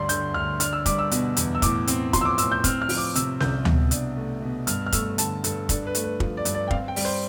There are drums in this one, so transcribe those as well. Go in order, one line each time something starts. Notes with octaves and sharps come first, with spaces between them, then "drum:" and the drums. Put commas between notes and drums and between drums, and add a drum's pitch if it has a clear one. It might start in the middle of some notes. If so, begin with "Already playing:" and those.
Already playing: D2 G2 G3 D5 C6
D3 G6, drum: hi-hat
D2 F6
D4 F6, drum: hi-hat
E6
G3 D6, drum: kick, hi-hat
E6
B2, drum: hi-hat
E2, drum: hi-hat
E6
A2 D6, drum: kick, hi-hat
C4, drum: hi-hat
F3 C6, drum: kick, hi-hat
E6
D6
A2 E6, drum: hi-hat
G6
C4 F6, drum: kick, hi-hat
F6
F3, drum: open hi-hat
D6
C3 E6, drum: hi-hat
C2 G6, drum: snare C#4
B2, drum: tom D2
D4, drum: hi-hat
A3
B2
G2 F6, drum: hi-hat
F6
A3 E6, drum: kick, hi-hat
D3 A5, drum: hi-hat
G2 A4, drum: hi-hat
D4 A4, drum: kick, hi-hat
B4
A3, drum: hi-hat
B4
F3, drum: kick
D5
G2, drum: hi-hat
D5
G5
C4 F5, drum: kick
G5
G3, drum: open hi-hat
C5